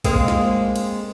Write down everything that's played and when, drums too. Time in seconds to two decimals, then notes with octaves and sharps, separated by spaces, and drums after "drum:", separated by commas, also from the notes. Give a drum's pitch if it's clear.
0.05 G#3 A#3 C4, drum: kick A#1, cymbal
0.28 drum: snare
0.76 drum: cymbal